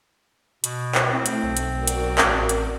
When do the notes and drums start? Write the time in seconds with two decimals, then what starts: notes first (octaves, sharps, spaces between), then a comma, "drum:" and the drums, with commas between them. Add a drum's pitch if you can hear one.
0.64 B2, drum: hi-hat
0.95 drum: clap
1.13 A3 C4 E4
1.26 drum: hi-hat
1.43 B1
1.57 drum: hi-hat
1.78 F#4 A#4 D5
1.87 drum: hi-hat
2.18 A1, drum: clap
2.49 drum: hi-hat